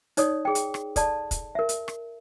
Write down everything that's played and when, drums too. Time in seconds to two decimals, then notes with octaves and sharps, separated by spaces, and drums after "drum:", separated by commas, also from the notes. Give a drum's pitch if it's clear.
0.17 D#4 C#5 D5 D#6, drum: hi-hat
0.45 G#4 G5
0.55 drum: hi-hat
0.74 drum: rim click
0.96 A4 D5 A5, drum: kick, hi-hat
1.31 drum: kick, hi-hat
1.55 A#4 E5
1.69 drum: hi-hat
1.88 drum: rim click